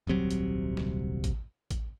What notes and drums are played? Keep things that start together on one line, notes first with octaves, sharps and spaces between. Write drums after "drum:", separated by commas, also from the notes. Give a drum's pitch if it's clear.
D#1 C2 C3 F#3
drum: hi-hat
drum: snare
drum: kick A1, hi-hat
drum: kick A1, hi-hat